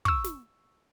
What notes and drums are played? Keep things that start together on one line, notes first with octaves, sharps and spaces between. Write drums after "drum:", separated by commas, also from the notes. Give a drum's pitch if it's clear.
C#6 E6, drum: kick
drum: snare